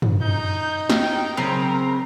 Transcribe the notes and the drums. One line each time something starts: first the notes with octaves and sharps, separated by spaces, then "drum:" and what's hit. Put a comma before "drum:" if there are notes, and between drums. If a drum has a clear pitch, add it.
drum: tom
D#4 G6
G5, drum: snare
C#3 F#3 C4 A#4 A#5